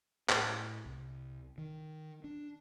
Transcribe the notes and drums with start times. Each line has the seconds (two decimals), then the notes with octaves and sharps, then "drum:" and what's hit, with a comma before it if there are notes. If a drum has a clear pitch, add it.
0.30 A2, drum: clap
0.86 C2
1.58 D#3
2.24 D4